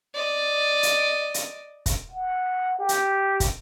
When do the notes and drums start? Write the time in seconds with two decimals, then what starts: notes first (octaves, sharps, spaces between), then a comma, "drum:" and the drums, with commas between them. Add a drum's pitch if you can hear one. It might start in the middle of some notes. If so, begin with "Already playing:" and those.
0.14 D5 D#5
0.83 drum: hi-hat
1.34 drum: hi-hat
1.86 drum: kick, hi-hat
2.11 F#5
2.79 G4
2.89 drum: hi-hat
3.40 drum: kick, hi-hat